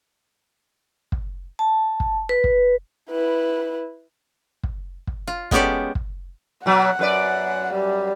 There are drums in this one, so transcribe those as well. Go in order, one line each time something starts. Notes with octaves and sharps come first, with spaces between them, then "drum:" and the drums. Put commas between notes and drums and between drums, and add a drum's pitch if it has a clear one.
drum: kick
A5
drum: kick
B4
drum: kick
E4 B4
drum: kick
drum: kick
F4
G#3 B3 C#4 G4 A4 D5, drum: kick
drum: kick
B2 F#3 F#5
F#2 B4 D5
G3